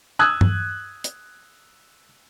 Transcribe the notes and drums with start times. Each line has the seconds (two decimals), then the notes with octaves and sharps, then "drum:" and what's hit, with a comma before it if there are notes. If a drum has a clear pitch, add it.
0.19 D#6 E6 F#6 G#6
0.41 drum: tom G2
1.04 drum: hi-hat